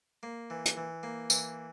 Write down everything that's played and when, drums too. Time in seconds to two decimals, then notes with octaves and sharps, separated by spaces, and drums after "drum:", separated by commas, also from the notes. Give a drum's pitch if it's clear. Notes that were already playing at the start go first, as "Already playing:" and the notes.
0.23 A#3
0.50 E3
0.65 drum: hi-hat
0.77 E3
1.03 A#3
1.30 E3, drum: tambourine